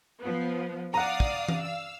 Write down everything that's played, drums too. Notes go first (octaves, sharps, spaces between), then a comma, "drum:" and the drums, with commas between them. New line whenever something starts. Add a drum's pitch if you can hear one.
F3 B3
D5 F5 F#5 A#5 D#6
drum: kick
drum: tom E3
F5 E6